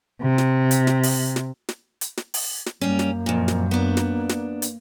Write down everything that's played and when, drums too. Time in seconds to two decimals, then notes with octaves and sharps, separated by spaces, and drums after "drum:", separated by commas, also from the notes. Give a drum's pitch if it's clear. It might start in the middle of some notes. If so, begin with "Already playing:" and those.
0.22 C3
0.38 drum: snare
0.71 drum: hi-hat
0.87 drum: snare
1.03 drum: open hi-hat
1.36 drum: snare
1.69 drum: snare
2.01 drum: hi-hat
2.17 drum: snare
2.34 drum: open hi-hat
2.66 drum: snare
2.81 F#2 G3 A#3 C#4
2.99 drum: snare
3.26 F2 A#2
3.48 drum: snare
3.71 B3 D4
3.97 drum: snare
4.29 drum: snare
4.62 drum: hi-hat